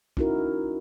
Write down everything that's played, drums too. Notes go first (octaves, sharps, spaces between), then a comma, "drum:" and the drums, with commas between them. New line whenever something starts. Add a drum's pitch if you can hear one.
C#4 D#4 E4 F#4 A#4, drum: kick